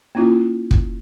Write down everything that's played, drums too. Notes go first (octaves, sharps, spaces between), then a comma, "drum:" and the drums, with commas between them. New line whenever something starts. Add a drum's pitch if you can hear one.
A#3 C#4 E4 F4
drum: kick